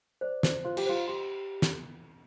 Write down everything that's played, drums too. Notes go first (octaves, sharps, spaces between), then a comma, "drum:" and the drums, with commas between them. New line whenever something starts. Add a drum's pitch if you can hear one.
C5 D5
C5, drum: snare
F4 C5
G4, drum: cymbal
F4 C5
G4 C6
drum: snare